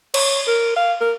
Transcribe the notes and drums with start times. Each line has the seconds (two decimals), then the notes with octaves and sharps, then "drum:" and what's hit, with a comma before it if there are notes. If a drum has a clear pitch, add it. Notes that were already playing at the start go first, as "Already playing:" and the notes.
0.14 C#5, drum: cymbal
0.47 A#4
0.76 F5
1.01 A#4